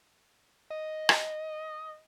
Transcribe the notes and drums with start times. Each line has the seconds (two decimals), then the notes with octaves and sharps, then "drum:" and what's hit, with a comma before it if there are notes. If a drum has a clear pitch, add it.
0.70 D#5
1.09 drum: rim click